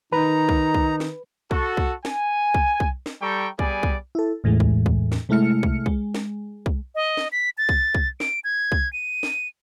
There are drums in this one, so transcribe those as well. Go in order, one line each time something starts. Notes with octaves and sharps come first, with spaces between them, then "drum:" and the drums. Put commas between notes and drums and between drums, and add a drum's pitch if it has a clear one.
D#3 D#4 B4 A#5
drum: kick
drum: kick
drum: snare
F#4 A4, drum: kick
drum: kick
G#5, drum: snare
drum: kick
drum: kick
drum: snare
G3 A4 G5 A#5 C#6
G3 B3 G#4 D5 G#5, drum: kick
drum: kick
E4 A4
E2 A2 E3 G#3
drum: kick
drum: kick
drum: snare
C3 G#3 A3 E4 F6 C#7
drum: kick
G#3, drum: kick
drum: snare
drum: kick
D#5
drum: snare
B6
A6
drum: kick
drum: kick
D7, drum: snare
G#6
drum: kick
D#7
drum: snare